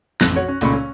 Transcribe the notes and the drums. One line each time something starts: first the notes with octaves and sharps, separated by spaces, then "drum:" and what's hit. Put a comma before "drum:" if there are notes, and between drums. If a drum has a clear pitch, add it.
A1 F2 F#6 A#6, drum: snare
F#4 C#5
C#4
C#2 A#2 C#3 A3 B5 C#6, drum: open hi-hat
C#4